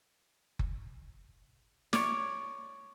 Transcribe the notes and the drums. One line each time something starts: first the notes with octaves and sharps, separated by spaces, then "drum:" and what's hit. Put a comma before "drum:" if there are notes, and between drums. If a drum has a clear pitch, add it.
drum: kick F#1
C#5 D5, drum: snare